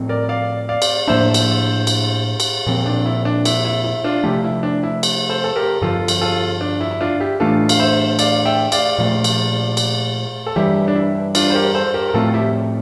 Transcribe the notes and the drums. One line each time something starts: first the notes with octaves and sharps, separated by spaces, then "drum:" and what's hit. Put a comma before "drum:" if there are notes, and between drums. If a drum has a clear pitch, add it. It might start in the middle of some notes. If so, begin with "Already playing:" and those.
Already playing: A2 F3 C4
A#4 D5
D5 F5
D5 F5
drum: cymbal
A2 F3 A#3 D4 C5 E5
drum: cymbal
drum: cymbal
drum: cymbal
A#2 F3 C4
D4
E4
D4
E4, drum: cymbal
E4
E4
D4 F4
C3 F3 A3 E4 G4
E4
D4
E4
drum: cymbal
A4 C5
A4
G4 A#4
G2 D3 F3 F4 A4
drum: cymbal
F4 A4
D4
E4
E4
D4 F4
E4 G4
A2 E3 A3 D4 F4 A4
F5, drum: cymbal
C5 E5
D5 F5, drum: cymbal
E5 G5
D5 F5, drum: cymbal
A#2 F3 A3
drum: cymbal
drum: cymbal
A4
G2 E3 G3 E4 G4
D4
E4
D4 F4, drum: cymbal
C5
G4 A#4
A4 C5
G4 A#4
A#4
A2 F3 A3 C4 F4 A4
E4 G4